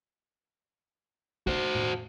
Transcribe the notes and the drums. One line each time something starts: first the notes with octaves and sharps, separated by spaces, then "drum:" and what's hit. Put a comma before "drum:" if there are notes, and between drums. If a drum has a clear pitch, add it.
F#4 C5, drum: kick
drum: tom A2